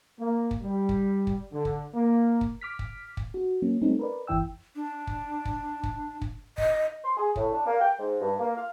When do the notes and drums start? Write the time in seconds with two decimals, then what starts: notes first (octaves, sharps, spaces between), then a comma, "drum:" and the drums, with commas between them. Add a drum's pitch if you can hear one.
0.19 A#3
0.51 drum: kick
0.62 G3
0.89 drum: kick
1.27 drum: kick
1.52 D3
1.65 drum: kick
1.94 A#3
2.41 drum: kick
2.61 D6 F6 B6
2.79 drum: kick
3.17 drum: kick
3.34 F#4
3.62 F#3 A#3 C#4
3.82 G3 A3 C4 C#4 D#4
3.99 A#4 B4 D5
4.27 G1 F2 E3 E4 G5 E6
4.76 D4
5.07 drum: kick
5.45 drum: kick
5.83 drum: kick
6.21 drum: kick
6.58 D#5, drum: kick
7.03 C6
7.17 G#4
7.36 A2, drum: kick
7.52 D4
7.65 A#3
7.80 G5
7.98 G#2
8.20 G2
8.38 A#3
8.55 F5